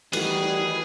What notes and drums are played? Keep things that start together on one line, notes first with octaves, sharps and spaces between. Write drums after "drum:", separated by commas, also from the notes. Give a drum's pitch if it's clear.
D#3 E3 G3 A3 F#4 G#4 B4, drum: cymbal